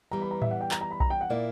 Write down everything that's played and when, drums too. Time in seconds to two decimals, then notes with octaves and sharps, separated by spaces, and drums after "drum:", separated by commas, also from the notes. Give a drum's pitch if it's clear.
0.11 E3 G3 B3 A#5
0.22 B5
0.31 A#5
0.42 E5, drum: tom A2
0.51 F#5
0.61 G5
0.71 A#5, drum: clap
0.81 A#5
0.91 B5
1.00 A#5, drum: kick B1
1.10 G5
1.21 F#5
1.30 A#2 A#3 E4 D5